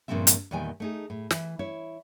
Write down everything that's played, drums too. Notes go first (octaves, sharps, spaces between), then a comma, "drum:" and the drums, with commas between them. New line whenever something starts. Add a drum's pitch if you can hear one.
G2 A#2 C#3 F3 C4 E5
drum: hi-hat
E2 A#2 D#3 G3 G5 G#5
A3 D#4 G#4
A2
E3, drum: snare
E4 C#5